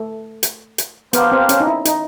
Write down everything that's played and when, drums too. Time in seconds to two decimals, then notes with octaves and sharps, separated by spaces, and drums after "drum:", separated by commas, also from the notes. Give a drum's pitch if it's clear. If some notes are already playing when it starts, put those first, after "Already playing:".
Already playing: A3
0.43 drum: hi-hat
0.78 drum: hi-hat
1.13 A#3 B3 D4 G4 C5 F5, drum: hi-hat
1.32 C4
1.49 C#4, drum: hi-hat
1.60 D#4
1.67 E4
1.85 D#4, drum: hi-hat